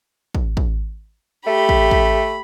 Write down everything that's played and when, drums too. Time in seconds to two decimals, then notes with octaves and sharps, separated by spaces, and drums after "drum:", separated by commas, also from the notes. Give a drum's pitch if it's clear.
0.35 drum: kick
0.57 drum: kick
1.47 A3 G4 B5
1.69 drum: kick
1.91 drum: kick